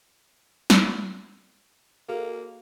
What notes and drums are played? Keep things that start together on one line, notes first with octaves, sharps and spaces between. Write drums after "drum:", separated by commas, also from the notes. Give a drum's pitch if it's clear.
drum: snare
A#3 F#4 G#4 A4